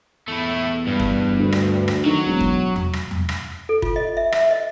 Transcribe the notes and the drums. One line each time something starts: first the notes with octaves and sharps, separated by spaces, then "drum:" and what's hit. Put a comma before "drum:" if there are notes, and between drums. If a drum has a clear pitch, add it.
E2 A3 E4
G2
drum: kick
D2
drum: rim click
drum: rim click
D#3 F#3
E1
drum: kick
drum: tom E2
drum: rim click
drum: tom E2
drum: rim click
A4
F4, drum: kick
D#5
E5
E5, drum: rim click
D#5